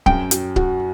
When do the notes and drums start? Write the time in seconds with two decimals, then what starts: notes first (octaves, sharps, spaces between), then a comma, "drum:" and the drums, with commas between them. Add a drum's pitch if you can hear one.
0.06 F#2 G5, drum: kick C#1
0.31 F#3, drum: hi-hat
0.56 F#4, drum: kick C#1